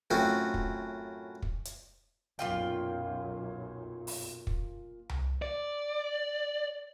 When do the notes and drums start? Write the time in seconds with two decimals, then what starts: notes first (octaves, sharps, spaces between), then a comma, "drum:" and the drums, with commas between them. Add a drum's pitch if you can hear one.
0.10 F#2 A2 C4 F4 F#4
0.54 drum: kick
1.42 drum: kick
1.65 drum: hi-hat
2.39 B1 F#2 A#2 F4 G5
4.07 drum: open hi-hat
4.47 drum: kick
5.09 drum: tom C2
5.42 D5